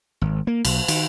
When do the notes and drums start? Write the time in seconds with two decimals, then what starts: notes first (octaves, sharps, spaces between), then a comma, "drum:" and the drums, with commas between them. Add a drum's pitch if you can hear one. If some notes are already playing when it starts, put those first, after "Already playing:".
0.21 G#1
0.47 A#3
0.65 B1, drum: cymbal
0.88 D#3, drum: cymbal